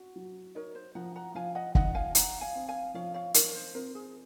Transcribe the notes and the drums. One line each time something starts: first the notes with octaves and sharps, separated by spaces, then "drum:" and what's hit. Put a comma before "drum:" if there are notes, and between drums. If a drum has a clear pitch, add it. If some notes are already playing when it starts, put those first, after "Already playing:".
Already playing: F#4
F#3
D#4 A#4 C#5
C5
F3 F#5 A#5
F#5 A#5
F3 F5 G#5
D#5 F#5
D#4 D#5 F#5, drum: kick
F5 G#5
D#4 F#5 A#5, drum: hi-hat
F5 G#5
C4
F5 G#5
F3 C#5 F5
C#5 F5
D#4 A#4 C#5, drum: hi-hat
C5
C4 A#4
G#4